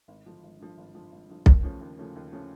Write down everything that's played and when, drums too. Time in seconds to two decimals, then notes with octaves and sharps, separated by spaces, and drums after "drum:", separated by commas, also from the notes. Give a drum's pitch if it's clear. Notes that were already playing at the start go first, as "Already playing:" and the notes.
0.08 G#1
0.26 G2 D3 F3
0.43 G#1
0.60 G2 D3 F3
0.78 G#1
0.95 G2 D3 F3
1.12 G#1
1.29 G2 D3 F3
1.46 D#2, drum: kick B1
1.63 C#3 F3 A3 C#4
1.81 D#2
1.98 C#3 F3 A3 C#4
2.16 D#2
2.32 C#3 F3 A3 C#4